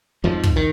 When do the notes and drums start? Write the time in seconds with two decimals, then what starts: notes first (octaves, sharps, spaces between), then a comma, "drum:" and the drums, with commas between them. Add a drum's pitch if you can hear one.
0.24 F2 G#2 F3
0.43 drum: kick
0.56 D#3